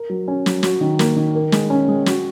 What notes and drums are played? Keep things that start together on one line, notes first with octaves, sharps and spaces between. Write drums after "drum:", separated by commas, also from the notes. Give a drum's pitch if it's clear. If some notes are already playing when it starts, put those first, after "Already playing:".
Already playing: A#4
F#3
C#4
F#3, drum: snare
F#4, drum: snare
D#3
A#3, drum: snare
D#3
A#4
G#3, drum: snare
C#4
G#3
F#4, drum: snare